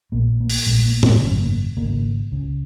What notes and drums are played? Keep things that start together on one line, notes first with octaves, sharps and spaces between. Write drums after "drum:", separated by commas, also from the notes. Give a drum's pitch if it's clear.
A#1 A#2 A#3
A#3
drum: open hi-hat
A#1 A#2 G#3
A#3
A#3, drum: tom
G#1 F#2 C#3 C#4
A#3
G#1 F#2 C#3 A#3
C#2 C#3